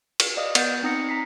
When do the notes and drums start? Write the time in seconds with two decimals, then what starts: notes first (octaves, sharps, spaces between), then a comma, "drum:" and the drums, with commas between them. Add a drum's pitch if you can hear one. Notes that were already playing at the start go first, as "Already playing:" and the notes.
0.20 drum: cymbal
0.37 D5 D#5 F5 D#6
0.55 B3 F#5 G6 A6, drum: cymbal
0.83 C4 D#4 D#6 A#6 C#7
1.09 A#5 B6 C7